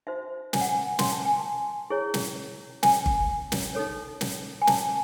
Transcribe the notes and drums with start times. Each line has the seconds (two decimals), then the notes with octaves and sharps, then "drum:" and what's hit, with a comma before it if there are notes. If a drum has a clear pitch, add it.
0.07 D#4 F#4 C5 E5
0.53 G#5, drum: snare
0.61 F#5
0.69 G#5
0.99 C6, drum: snare
1.12 A5
1.25 G#5
1.40 A5
1.90 E4 G#4 C#5
2.14 drum: snare
2.83 G#5, drum: snare
3.06 drum: kick G1
3.52 drum: snare
3.75 D#4 A4 C#5
4.21 drum: snare
4.62 G#5
4.67 A5, drum: snare